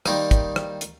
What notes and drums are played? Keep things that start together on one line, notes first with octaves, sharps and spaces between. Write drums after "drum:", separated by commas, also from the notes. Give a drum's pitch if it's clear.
D#3 G3 A#3 D#4 C6 D6, drum: rim click
drum: kick, hi-hat
drum: rim click
drum: hi-hat